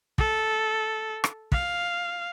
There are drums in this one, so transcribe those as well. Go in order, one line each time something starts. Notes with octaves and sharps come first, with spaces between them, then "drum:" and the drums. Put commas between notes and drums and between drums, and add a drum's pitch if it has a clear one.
A4, drum: kick
drum: rim click
F5, drum: kick